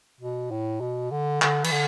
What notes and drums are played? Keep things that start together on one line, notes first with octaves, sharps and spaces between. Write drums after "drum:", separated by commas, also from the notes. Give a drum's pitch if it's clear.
B2
A2
B2
D3
D3, drum: clap
E3, drum: cymbal
D3